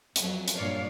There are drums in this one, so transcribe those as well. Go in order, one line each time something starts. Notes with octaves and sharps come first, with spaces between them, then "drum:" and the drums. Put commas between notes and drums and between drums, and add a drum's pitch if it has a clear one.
F2 F#3, drum: hi-hat
drum: hi-hat
G2 A#2 C#5 D5 F5